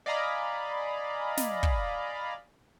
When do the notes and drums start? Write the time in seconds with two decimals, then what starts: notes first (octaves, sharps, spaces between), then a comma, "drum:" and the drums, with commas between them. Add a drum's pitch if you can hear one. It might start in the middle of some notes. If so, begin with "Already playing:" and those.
0.06 D5 D#5 F5 G#5 A#5 B5
1.37 drum: snare
1.63 drum: kick